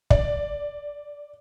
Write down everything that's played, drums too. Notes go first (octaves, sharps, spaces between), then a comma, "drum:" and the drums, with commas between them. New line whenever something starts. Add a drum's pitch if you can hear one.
D5, drum: kick